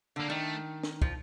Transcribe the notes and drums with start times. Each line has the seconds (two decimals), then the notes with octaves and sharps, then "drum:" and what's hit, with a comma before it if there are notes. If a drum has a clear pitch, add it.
0.16 D3 A#3
0.29 D#3 A3
0.83 drum: snare
1.02 F3, drum: kick